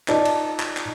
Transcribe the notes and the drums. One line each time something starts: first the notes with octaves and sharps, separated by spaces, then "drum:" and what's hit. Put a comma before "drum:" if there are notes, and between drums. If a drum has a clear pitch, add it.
D#4 F4 D5 A5, drum: clap
drum: cymbal
drum: clap
drum: clap